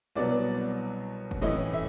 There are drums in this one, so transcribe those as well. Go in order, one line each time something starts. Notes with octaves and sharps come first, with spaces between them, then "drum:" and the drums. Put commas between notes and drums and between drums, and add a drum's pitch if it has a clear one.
C2 B2 F#3 B3 D5
drum: kick
A2 E3 A3 C#4 E4 D#5
E5, drum: tom